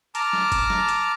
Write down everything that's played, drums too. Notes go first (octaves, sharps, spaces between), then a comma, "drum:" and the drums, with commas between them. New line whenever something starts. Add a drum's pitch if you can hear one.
A5 A#5 D6 F6, drum: hi-hat
drum: snare
drum: kick, hi-hat
drum: snare
drum: hi-hat